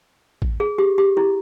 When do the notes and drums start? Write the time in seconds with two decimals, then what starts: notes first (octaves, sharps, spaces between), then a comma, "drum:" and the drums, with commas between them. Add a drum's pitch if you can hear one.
0.42 drum: kick A1
0.60 G#4
0.78 G4
0.98 G4
1.17 E4